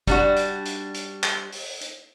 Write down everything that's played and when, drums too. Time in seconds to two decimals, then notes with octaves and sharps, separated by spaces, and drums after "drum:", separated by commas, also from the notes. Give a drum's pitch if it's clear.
0.07 G3 D4 F#4, drum: kick, hi-hat
0.36 drum: hi-hat
0.65 drum: hi-hat
0.94 drum: hi-hat
1.23 drum: clap
1.52 drum: open hi-hat
1.81 drum: hi-hat